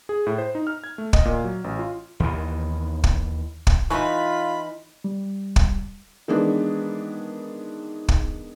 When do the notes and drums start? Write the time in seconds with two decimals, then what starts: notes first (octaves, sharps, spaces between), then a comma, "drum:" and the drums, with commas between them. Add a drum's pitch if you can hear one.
0.09 G#4
0.27 A2
0.38 C5
0.55 D#4
0.67 F6
0.84 G#6
0.98 A3
1.13 D#5, drum: kick
1.25 A#2
1.44 F#3
1.64 A1
1.79 F4
2.20 D#2 D#3 E3
3.04 drum: kick
3.67 drum: kick
3.90 E3 D#4 F4 G#5 B5 C#6
5.04 G3
5.56 drum: kick
6.28 D#3 E3 G#3 B3 D4
8.09 drum: kick